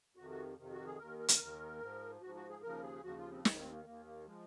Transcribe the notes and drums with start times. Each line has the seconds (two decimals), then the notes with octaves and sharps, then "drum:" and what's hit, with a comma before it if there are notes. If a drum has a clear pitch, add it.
0.16 F2 C3 D#3 F#4
0.30 F#4
0.58 F2 C3 D#3
0.73 F#4
0.86 G#4
0.99 D#2 A#4
1.04 D#3
1.19 A#4
1.28 drum: hi-hat
1.39 D#2 D#3
1.81 G#2 F3
2.22 G#2 F3 F#4
2.35 F#4
2.49 G#4
2.62 D#2 C#3 F3 A#4
2.83 G#4
3.04 D#2 C#3 F3 F#4
3.18 F4
3.31 C4
3.45 D#2 D#3, drum: snare
3.58 C4
3.71 A#3
3.85 D#2 D#3 A#3
4.05 A#3
4.26 F3 G#3